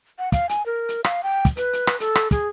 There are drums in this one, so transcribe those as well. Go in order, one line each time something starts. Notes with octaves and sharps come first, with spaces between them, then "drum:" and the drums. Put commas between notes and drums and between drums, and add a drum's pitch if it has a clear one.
F#5
F5, drum: kick, hi-hat
G#5, drum: hi-hat
A#4
drum: hi-hat
F5, drum: rim click
G5
drum: kick, hi-hat
B4, drum: hi-hat
drum: hi-hat
drum: rim click
A4, drum: hi-hat
drum: rim click
G#4, drum: kick, hi-hat